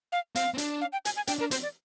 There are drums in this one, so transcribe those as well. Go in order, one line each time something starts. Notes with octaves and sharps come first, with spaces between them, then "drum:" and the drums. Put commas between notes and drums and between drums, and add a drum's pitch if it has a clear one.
F5
C4 F5, drum: hi-hat
C4
D4, drum: hi-hat
F5
G5
G#5, drum: hi-hat
G#5
D4 G5, drum: hi-hat
D4 A#4
C4 C5, drum: hi-hat
D5